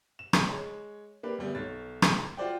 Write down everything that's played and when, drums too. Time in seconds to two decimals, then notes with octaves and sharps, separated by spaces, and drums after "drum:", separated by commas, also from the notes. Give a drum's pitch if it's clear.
0.19 E7
0.33 drum: rim click
0.45 G#3 C#5
1.23 A#3 D4 G4 B4
1.38 D2 G3 B3
1.55 B1 C#5 A6
2.02 drum: rim click
2.37 F4 F#4 C5 D5 G5